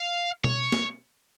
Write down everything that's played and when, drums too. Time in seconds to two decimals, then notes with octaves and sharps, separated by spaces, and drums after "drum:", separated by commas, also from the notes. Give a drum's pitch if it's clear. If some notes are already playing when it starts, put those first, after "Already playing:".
Already playing: F5
0.44 C#5, drum: tom B2
0.72 drum: snare